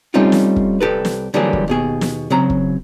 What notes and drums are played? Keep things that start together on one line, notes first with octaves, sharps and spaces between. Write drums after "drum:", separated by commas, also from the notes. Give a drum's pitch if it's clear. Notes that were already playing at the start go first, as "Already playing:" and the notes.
G3 A3 C4 C#4 D#4 F4
drum: snare
drum: kick
C2 G4 A4 B4
drum: snare
D3 E3 F#3 G3 A#3 G#4
drum: kick
D#2 B2 G#4
drum: snare
C#3 F#3 C4 A#5
drum: kick